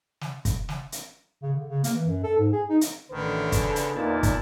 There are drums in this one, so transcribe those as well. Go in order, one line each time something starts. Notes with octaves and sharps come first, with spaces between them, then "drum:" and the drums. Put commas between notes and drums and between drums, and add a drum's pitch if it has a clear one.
drum: snare
drum: kick, hi-hat
drum: snare
drum: hi-hat
C#3
D3
C#3
A#3, drum: hi-hat
E3
F#2
A4
G#2
G#4
D#4
drum: hi-hat
A1 D3 D#3 B4
C#3, drum: kick, hi-hat
drum: hi-hat
E2 A#2 A#3 D#4 E4 A5
drum: kick, hi-hat